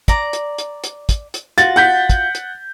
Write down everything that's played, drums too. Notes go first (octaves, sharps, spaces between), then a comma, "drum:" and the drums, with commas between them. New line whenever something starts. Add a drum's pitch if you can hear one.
D5 A#5, drum: kick, hi-hat
drum: hi-hat
drum: hi-hat
drum: hi-hat
drum: kick, hi-hat
drum: hi-hat
F4 F#4 A6, drum: hi-hat
F#5 G6 B6
drum: kick, hi-hat
drum: hi-hat